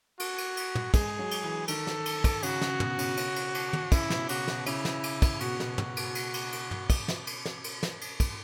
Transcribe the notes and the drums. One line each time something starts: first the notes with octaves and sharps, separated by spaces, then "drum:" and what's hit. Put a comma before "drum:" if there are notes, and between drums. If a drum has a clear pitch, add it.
F#4, drum: cymbal
drum: cymbal
drum: cymbal
drum: tom
G#3 G#4, drum: kick, cymbal
F#3
drum: cymbal
E3
D#3 A4, drum: cymbal
drum: snare
drum: cymbal
drum: kick, cymbal
C#3 F#4, drum: cymbal
C#3, drum: snare
B2, drum: tom
C#3, drum: cymbal
C#3, drum: cymbal
drum: cymbal
drum: cymbal
drum: tom
C#3 E4, drum: kick, cymbal
B2, drum: snare
C#3 F#4, drum: cymbal
B2, drum: snare
C#3 E4, drum: cymbal
drum: snare
drum: cymbal
drum: kick, cymbal
B2 F#4, drum: cymbal
B2, drum: snare
drum: tom
drum: cymbal
drum: cymbal
drum: cymbal
drum: cymbal
drum: tom
drum: kick, cymbal
drum: snare
drum: cymbal
drum: snare
drum: cymbal
drum: snare
drum: cymbal
drum: kick, cymbal